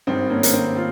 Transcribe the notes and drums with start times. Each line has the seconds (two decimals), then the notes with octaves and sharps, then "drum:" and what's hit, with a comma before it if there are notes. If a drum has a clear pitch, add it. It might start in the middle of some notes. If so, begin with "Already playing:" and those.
0.07 G#1 G2 D#3 C4
0.30 A#3 C#4
0.43 A#3, drum: hi-hat
0.53 C4
0.77 F4